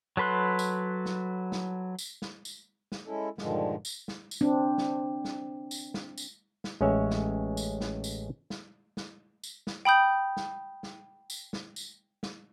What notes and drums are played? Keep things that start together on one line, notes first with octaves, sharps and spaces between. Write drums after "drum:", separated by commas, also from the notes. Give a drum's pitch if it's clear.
F#3 A4 B4 C6 F#6
drum: tambourine
drum: snare
drum: snare
drum: tambourine
drum: snare
drum: tambourine
drum: snare
G#3 C#4 E4 A4
G2 A#2 D3 D#3 F3 G#3, drum: snare
drum: tambourine
drum: snare
drum: tambourine
C4 D4
drum: snare
drum: snare
drum: tambourine
drum: snare
drum: tambourine
drum: snare
A1 G#3 C#4 C#5 E5
drum: snare
drum: tambourine
drum: snare
drum: tambourine
drum: snare
drum: snare
drum: tambourine
drum: snare
G5 B5 D#6 G6
drum: snare
drum: snare
drum: tambourine
drum: snare
drum: tambourine
drum: snare